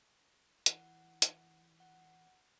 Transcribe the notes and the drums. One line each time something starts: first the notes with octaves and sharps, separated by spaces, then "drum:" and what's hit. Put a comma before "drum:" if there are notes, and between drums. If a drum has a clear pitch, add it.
E3 F#5, drum: hi-hat
drum: hi-hat
F#5